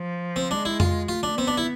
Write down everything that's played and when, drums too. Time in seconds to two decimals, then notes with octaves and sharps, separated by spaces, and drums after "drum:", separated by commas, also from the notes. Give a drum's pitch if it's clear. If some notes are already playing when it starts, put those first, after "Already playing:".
Already playing: F3
0.36 C4
0.51 G#3 D4
0.65 E4
0.80 F4, drum: tom F2
1.09 A3 F4
1.23 D4
1.37 B3 C4
1.48 D4
1.57 E4